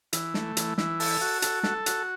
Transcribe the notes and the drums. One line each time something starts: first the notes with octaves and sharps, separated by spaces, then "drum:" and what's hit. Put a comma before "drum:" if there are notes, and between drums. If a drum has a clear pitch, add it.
E3, drum: hi-hat
A3, drum: snare
E3, drum: hi-hat
E3, drum: snare
A4, drum: open hi-hat
F#4
A4, drum: hi-hat
A4, drum: snare
F#4, drum: hi-hat